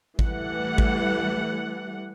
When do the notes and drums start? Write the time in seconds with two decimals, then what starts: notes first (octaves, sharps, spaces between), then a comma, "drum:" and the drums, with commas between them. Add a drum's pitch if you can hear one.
0.19 E3 G3 A3 F#5, drum: kick G#1
0.78 drum: kick G#1